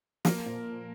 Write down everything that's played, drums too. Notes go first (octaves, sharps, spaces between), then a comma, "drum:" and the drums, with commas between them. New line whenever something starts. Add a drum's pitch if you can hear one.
F3 A#3 A#4, drum: snare
A#2